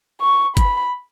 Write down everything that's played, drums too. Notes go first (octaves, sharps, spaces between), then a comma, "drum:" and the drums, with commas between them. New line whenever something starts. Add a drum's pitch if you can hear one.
C#6
B5, drum: kick, hi-hat